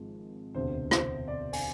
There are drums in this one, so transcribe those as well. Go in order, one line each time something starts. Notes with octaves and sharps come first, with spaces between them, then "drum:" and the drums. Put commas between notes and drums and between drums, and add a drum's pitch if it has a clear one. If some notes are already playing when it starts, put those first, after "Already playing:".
Already playing: G#1 G#2 F3 G#3
E1 D2 C3 C5
C5, drum: rim click
D5
G#5, drum: open hi-hat